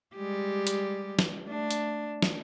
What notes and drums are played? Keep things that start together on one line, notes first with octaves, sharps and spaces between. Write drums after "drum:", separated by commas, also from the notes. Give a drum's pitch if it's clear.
G3 G#3 G4
drum: hi-hat
drum: snare
A3 D4
drum: hi-hat
drum: snare